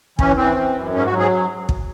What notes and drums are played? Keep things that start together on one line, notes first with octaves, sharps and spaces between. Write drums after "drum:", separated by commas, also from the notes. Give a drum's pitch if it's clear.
E3 C#4, drum: kick
E3 C4
E3
F#2
G#2 C#4
F#4
F#3
G#4
drum: kick